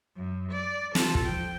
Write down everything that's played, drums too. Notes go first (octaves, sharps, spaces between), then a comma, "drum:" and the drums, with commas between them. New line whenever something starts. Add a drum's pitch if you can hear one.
F#2
D5
F4 A4, drum: snare
drum: kick
F3 G5